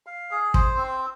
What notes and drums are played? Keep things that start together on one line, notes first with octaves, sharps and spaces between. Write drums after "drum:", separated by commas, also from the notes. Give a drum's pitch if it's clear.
F5
G#4
C5, drum: kick
C4